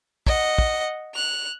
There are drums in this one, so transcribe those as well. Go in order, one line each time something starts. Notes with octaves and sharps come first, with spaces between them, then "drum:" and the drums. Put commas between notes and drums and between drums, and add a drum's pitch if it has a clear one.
D#5 F#5, drum: kick
drum: kick
F#6 F7